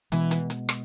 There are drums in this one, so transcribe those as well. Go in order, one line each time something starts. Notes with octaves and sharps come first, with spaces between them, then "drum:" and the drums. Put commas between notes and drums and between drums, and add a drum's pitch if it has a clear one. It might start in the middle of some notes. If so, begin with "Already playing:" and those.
B2 E3 G#3 B3, drum: hi-hat
drum: hi-hat
drum: hi-hat
drum: rim click